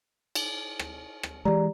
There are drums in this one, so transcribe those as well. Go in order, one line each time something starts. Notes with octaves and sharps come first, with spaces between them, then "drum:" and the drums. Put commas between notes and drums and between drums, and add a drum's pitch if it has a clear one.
drum: cymbal
drum: rim click
drum: rim click
E3 G#3 G4 D5 A#5